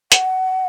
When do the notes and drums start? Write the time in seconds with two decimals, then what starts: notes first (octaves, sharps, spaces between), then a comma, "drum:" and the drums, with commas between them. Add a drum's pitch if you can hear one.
0.12 F#5, drum: hi-hat